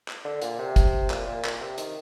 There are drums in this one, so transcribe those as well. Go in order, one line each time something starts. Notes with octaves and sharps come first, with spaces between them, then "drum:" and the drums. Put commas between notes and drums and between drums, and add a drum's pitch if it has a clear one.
drum: clap
D3
A#2, drum: hi-hat
C3
drum: kick, hi-hat
A#2, drum: clap
A#2
A#2, drum: clap
C3
D#3, drum: hi-hat